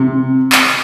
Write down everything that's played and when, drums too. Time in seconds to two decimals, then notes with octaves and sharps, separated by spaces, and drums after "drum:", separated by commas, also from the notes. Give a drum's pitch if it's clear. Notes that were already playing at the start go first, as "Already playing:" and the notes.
Already playing: C3
0.52 drum: clap